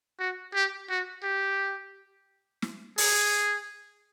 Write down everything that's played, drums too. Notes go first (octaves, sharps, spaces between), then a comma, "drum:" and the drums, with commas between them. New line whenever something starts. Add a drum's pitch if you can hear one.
F#4
G4
F#4
G4
drum: snare
G#4, drum: open hi-hat